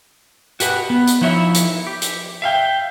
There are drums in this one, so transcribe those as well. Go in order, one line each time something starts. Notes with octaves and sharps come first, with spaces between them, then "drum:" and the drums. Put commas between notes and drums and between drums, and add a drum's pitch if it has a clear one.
F#4 G4 B4, drum: hi-hat
B3
drum: hi-hat
F3 D#4 E4 C#5 E5
drum: hi-hat
G4
drum: hi-hat
E5 F5 G5